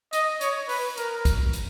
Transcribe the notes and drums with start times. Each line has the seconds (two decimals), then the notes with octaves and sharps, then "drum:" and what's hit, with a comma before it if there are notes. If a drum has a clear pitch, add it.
0.13 D#5, drum: hi-hat
0.41 C#5, drum: hi-hat
0.69 B4, drum: open hi-hat
0.97 A#4, drum: hi-hat
1.25 drum: kick, hi-hat
1.53 drum: hi-hat